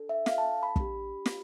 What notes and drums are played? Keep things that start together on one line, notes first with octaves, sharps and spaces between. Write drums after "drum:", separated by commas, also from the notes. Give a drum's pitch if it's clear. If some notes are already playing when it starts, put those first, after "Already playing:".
Already playing: D4 A4
E5
F5, drum: snare
A5
B5
D4 G4, drum: kick
drum: snare